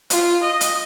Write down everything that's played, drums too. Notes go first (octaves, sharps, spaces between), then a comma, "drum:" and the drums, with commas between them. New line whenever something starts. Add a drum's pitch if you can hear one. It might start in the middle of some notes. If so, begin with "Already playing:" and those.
F4, drum: hi-hat
D#5
drum: hi-hat